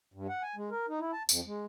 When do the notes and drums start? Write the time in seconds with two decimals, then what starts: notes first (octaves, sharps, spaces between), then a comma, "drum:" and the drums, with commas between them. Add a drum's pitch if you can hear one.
0.14 G2
0.29 F#5
0.43 G#5
0.56 G#3
0.71 A#4
0.88 D#4
1.00 E4
1.13 A5
1.29 F2, drum: tambourine
1.46 G#3